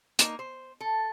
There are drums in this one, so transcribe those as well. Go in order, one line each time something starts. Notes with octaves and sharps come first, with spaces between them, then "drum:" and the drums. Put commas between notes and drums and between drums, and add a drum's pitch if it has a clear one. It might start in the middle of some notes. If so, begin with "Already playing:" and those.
A#3 D#4, drum: hi-hat
C5
A4